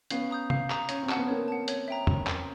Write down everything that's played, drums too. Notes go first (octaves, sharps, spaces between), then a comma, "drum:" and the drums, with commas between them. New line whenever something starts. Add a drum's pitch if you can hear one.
B3 C#4 F5, drum: hi-hat
A#5 D#6 G6
F5, drum: tom
A#5 D#6 G6, drum: clap
C#4 C#5, drum: hi-hat
C4
F#5 A5, drum: clap
B3
A#3 C4 C#5
F#5 A5
C#5, drum: hi-hat
E5 G5 A#5
drum: tom E2
drum: clap